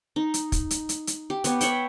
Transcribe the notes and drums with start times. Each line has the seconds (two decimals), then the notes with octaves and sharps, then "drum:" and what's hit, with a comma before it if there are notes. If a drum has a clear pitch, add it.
0.16 D#4
0.34 drum: hi-hat
0.52 drum: kick, hi-hat
0.71 drum: hi-hat
0.89 drum: hi-hat
1.07 drum: hi-hat
1.30 G4
1.44 B3 G4 C#5, drum: hi-hat
1.61 C#5 E5 F#5 G5, drum: hi-hat